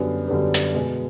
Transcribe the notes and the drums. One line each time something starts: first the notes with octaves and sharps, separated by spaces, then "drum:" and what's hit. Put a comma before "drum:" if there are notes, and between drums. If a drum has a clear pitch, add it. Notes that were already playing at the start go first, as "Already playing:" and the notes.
Already playing: F#2 D3 G3 B3
F#2 D3 G3 B3
drum: hi-hat
B2 G#3 B3